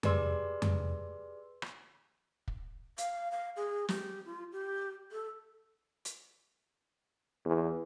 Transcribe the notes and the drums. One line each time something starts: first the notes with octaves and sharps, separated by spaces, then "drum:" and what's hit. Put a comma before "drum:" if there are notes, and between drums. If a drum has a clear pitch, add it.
G4 G#4 B4 D5 C6 E6, drum: tom F2
drum: tom F2
drum: rim click
drum: kick
F5, drum: hi-hat
F5
G#4
G4, drum: snare
F4
G4
A4
drum: hi-hat
E2